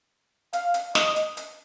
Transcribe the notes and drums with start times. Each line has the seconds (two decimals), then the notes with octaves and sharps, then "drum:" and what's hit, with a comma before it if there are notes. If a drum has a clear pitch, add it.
0.53 F5, drum: hi-hat
0.74 drum: hi-hat
0.95 D#5, drum: snare
1.16 drum: hi-hat
1.37 drum: hi-hat